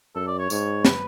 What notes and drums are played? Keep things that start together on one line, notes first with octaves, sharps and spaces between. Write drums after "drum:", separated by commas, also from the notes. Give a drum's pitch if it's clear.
F#2 A4
D5
C#5
G#2 C#5, drum: tambourine
B4, drum: snare